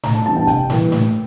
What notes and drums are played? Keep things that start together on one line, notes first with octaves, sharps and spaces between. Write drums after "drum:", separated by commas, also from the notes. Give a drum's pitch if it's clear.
A2 A#5, drum: snare
A5
E3 G3 B3 D4 A5
G5
C3 G5, drum: kick, hi-hat
E3 G3 A#3, drum: snare
A2, drum: snare